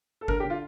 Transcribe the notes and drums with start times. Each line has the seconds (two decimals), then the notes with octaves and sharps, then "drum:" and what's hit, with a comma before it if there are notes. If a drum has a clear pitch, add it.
0.21 A4
0.28 D3 A#4, drum: kick G1
0.40 G4
0.45 D3
0.50 F4